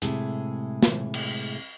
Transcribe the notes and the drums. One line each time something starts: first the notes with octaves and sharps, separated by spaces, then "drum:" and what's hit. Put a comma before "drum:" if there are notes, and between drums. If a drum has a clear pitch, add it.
A2 C3 G#3 G#4 E5, drum: hi-hat
drum: snare
drum: cymbal